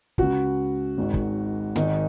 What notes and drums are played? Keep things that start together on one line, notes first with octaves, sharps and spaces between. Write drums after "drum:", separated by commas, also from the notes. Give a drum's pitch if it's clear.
C#2 C#3 F#4, drum: kick
G#1 G#2 D#3
drum: kick
G#1 G#2 D#3 D#4, drum: hi-hat